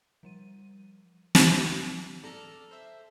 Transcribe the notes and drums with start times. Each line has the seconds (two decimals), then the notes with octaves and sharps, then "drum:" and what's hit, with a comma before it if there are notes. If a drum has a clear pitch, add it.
0.23 F3 G3 D#7
1.35 drum: snare
2.23 A4 D5 A#5 F6
2.71 C5 E5